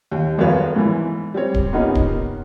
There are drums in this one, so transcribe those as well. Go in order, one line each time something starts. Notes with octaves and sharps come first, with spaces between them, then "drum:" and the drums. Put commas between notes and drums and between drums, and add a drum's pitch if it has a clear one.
D#2
G#1 F2 F#3 A#4 B4 C#5
G#2 E3
G3 C4 C#5
drum: kick D1
C3 A#3 B3 C#4 D#4 F4
drum: kick D1